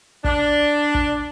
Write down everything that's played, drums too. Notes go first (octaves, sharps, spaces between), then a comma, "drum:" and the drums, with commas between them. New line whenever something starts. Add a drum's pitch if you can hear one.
D4, drum: kick
drum: kick